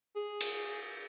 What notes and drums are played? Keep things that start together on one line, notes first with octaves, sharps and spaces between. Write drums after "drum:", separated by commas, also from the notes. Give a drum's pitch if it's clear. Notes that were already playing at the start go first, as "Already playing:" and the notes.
G#4
drum: cymbal